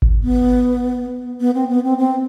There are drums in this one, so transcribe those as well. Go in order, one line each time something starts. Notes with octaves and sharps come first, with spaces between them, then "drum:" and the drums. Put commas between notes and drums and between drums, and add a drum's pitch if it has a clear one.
drum: kick G#1
B3
B3
C4
B3
C4
C4